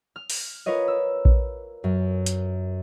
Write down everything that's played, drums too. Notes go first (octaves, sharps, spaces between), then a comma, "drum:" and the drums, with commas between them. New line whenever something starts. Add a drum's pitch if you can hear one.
F6
drum: open hi-hat
F4 A#4 B4 C#5 D#5
E6
drum: kick A#1
F#2
drum: hi-hat